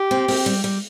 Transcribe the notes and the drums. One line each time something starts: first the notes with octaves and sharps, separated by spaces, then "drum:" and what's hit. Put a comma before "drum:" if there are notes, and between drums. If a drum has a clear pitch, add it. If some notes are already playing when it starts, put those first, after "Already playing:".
Already playing: G4
C4
C4, drum: open hi-hat
G3
G3